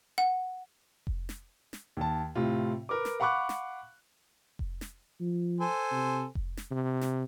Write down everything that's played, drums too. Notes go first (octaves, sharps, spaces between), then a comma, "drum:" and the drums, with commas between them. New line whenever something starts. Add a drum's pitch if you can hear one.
F#5
drum: kick F1
drum: snare
drum: snare
D#2 A5
A2 C3 F4
A#4 B4 D6
drum: snare
F5 F#5 B5 C#6 D6 F#6
drum: snare
drum: kick F1
drum: snare
F3
A4 C5 G#5
C3
drum: kick F1
drum: snare
C3
drum: snare